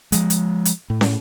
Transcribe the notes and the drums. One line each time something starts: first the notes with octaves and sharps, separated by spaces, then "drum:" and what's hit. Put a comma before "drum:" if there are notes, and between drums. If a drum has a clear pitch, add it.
F3 G#3, drum: hi-hat
drum: hi-hat
drum: hi-hat
A2
drum: snare